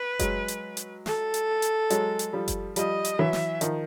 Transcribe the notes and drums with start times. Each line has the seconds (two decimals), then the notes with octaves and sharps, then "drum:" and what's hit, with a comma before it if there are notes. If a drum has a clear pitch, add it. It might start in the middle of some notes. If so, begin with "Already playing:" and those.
Already playing: B4
0.19 F#3 G#3, drum: kick F#1, hi-hat
0.48 drum: hi-hat
0.77 drum: hi-hat
1.06 A4, drum: snare
1.34 drum: hi-hat
1.62 drum: hi-hat
1.90 F#3 G#3, drum: hi-hat
2.19 drum: hi-hat
2.33 F3 G3
2.48 drum: kick F#1, hi-hat
2.76 F3 G3 D#5, drum: hi-hat
3.05 drum: hi-hat
3.18 E3 F#3 E5
3.33 drum: snare
3.61 D#3 F3, drum: hi-hat